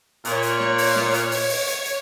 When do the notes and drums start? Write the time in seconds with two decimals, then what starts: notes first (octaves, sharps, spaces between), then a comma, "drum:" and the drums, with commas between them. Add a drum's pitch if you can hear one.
0.25 A#2 C#5, drum: hi-hat
0.43 drum: hi-hat
0.60 drum: snare
0.78 drum: open hi-hat
0.96 drum: snare
1.14 drum: hi-hat
1.32 drum: open hi-hat
1.49 drum: open hi-hat
1.67 drum: hi-hat
1.85 drum: hi-hat